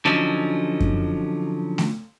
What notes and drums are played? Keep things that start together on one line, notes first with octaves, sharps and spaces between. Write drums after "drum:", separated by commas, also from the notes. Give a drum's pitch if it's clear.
D3 F3 F#3 C#4 D#4
drum: kick F#2
drum: snare A3